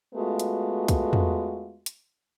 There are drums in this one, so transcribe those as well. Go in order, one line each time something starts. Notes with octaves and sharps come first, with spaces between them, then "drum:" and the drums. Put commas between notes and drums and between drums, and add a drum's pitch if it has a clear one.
G#3 A3 B3 F4 F#4
drum: hi-hat
drum: kick C2, hi-hat
drum: tom
drum: hi-hat